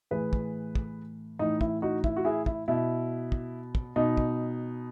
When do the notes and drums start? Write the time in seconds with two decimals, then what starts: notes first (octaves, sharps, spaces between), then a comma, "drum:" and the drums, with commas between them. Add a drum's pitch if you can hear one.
0.11 A2 E3 G#4 B4
0.33 drum: kick
0.75 drum: kick
1.39 A2 E3 D#4
1.61 E4, drum: kick
1.82 D#4 F#4
2.04 E4, drum: kick
2.17 F#4
2.25 E4 G#4
2.46 E4, drum: kick
2.68 B2 E4
3.32 drum: kick
3.75 drum: kick
3.96 B2 D#4
4.17 drum: kick